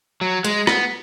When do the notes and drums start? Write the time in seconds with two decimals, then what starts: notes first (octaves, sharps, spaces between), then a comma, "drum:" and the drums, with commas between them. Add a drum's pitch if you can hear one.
0.21 F#3
0.45 G#3, drum: hi-hat
0.67 B3, drum: rim click